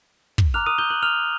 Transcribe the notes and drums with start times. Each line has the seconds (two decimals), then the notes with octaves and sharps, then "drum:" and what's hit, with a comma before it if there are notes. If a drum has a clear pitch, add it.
0.38 drum: kick
0.54 A#5 D6 F6 F#6 F7
0.66 D#6 D#7
0.78 G6 G7
0.90 F#6 F#7
1.03 F6 F7